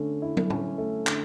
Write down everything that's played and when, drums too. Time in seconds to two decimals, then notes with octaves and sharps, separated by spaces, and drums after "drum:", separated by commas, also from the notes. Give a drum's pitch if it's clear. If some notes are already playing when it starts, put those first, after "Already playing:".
Already playing: D3 A3 C#4
0.22 E4
0.37 drum: tom
0.50 C#4, drum: tom
0.78 A3
1.07 D3, drum: clap